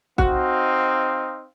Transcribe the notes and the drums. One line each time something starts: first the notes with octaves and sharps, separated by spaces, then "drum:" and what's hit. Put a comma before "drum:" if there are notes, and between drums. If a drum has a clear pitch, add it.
C4 D#4 F#4 F5, drum: kick